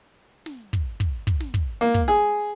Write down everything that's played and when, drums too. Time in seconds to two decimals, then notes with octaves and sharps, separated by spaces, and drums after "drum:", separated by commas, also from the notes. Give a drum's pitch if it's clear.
0.46 drum: snare
0.73 drum: kick
1.00 drum: kick
1.27 drum: kick
1.40 drum: snare
1.54 drum: kick
1.81 A#3
1.94 drum: kick
2.08 G#4